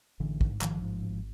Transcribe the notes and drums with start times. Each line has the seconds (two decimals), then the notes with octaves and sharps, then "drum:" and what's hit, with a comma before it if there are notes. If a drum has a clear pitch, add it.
0.20 A1 D3 E3
0.41 G#2, drum: kick
0.61 A1 D#3 F3, drum: clap
0.82 G#2
1.02 G#1